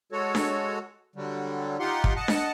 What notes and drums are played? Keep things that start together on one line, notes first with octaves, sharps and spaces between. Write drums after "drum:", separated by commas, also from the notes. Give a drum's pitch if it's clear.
G#3 F#4 A4 C#5
drum: snare D4
D3 F#3 G3
D#4 F4 G4 F#5 C6
drum: kick
D#5 F#5 A5
drum: snare D4